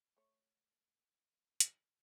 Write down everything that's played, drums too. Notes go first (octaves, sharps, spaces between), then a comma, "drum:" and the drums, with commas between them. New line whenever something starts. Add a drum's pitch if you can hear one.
A3 C#5
drum: hi-hat